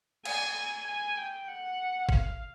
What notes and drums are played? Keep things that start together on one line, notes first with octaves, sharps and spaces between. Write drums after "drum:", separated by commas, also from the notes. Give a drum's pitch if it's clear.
G#5, drum: cymbal
G#5
G#5
G5
F#5
F5, drum: kick G#1